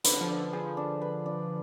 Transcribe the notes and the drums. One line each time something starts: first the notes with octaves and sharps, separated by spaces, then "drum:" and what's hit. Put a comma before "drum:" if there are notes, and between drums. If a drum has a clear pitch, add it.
D3 B4, drum: hi-hat
F3
D4
D3
F3 G#4
D4
B4
D4